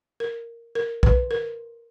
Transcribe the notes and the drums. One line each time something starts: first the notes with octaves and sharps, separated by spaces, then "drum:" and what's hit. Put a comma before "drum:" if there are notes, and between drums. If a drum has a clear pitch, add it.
A#4
A#4
B4, drum: kick B1
A#4